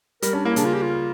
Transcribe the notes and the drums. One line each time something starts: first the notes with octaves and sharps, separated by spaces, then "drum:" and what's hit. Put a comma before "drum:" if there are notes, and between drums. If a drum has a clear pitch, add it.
G3 A#4, drum: hi-hat
C#4 D4
A#3 E4
C#3 D4, drum: hi-hat
F4
G4
F4